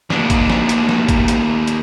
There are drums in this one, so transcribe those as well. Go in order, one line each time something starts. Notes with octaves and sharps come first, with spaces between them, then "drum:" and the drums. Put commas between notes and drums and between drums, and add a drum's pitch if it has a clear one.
D#2 D4, drum: snare
drum: kick G#1, hi-hat
drum: snare
drum: hi-hat
drum: snare
drum: kick G#1, hi-hat
drum: hi-hat
drum: hi-hat